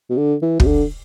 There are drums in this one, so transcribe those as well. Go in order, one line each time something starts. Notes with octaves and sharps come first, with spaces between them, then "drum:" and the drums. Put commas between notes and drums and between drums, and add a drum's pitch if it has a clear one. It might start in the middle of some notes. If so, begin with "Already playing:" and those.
B2
D3
E3
B2, drum: kick
D3